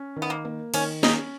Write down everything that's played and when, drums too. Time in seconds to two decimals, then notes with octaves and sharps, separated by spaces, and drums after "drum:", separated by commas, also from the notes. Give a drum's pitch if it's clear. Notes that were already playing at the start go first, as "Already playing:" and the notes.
Already playing: C#4
0.16 D#3
0.22 B3
0.30 A#3
0.45 A#3
0.74 D#3 C#4, drum: cymbal
1.03 C#4 D#4, drum: snare